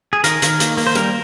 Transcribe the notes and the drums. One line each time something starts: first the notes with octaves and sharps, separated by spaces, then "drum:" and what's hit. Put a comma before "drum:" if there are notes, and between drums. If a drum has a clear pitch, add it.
G#4
D#3 A#4, drum: hi-hat
D#3, drum: hi-hat
A#3, drum: hi-hat
A#3, drum: open hi-hat
C5
G3 A#4, drum: hi-hat